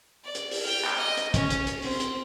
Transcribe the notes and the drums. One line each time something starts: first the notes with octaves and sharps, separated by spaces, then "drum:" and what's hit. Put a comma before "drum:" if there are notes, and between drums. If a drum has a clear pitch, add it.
D5
drum: hi-hat
drum: open hi-hat
G5 F6
drum: clap
D#5
drum: hi-hat
C#4, drum: kick, hi-hat
drum: hi-hat
drum: hi-hat
C4, drum: open hi-hat
drum: hi-hat